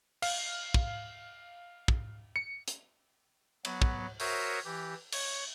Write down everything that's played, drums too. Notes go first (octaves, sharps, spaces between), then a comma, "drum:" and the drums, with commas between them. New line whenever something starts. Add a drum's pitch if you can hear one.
F5, drum: cymbal
drum: kick
drum: kick
C#7
drum: hi-hat
F#3 B3, drum: cymbal
drum: kick
F#4 A#4 C5 C#5 E5 D#6, drum: open hi-hat
E3 G4
C#5, drum: cymbal